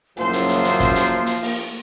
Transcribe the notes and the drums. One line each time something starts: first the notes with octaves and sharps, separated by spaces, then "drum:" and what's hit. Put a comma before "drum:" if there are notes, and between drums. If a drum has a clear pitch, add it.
F#1 F3 F#3 A#3 C5 E5
drum: hi-hat
drum: hi-hat
drum: hi-hat
drum: kick, hi-hat
drum: hi-hat
drum: hi-hat
drum: open hi-hat